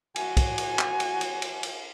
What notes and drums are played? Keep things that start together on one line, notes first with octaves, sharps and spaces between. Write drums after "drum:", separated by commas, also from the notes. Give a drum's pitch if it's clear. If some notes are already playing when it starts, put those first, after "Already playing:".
F#4 G#5, drum: cymbal
drum: kick, cymbal
drum: cymbal
drum: clap
drum: cymbal
drum: cymbal
drum: cymbal
drum: cymbal